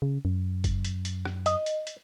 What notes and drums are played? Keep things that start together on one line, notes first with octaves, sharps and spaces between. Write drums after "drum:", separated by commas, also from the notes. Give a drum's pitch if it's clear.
C#3
F#2
drum: kick F#1, hi-hat
drum: hi-hat
drum: hi-hat
drum: rim click
D#5, drum: hi-hat
drum: hi-hat
drum: hi-hat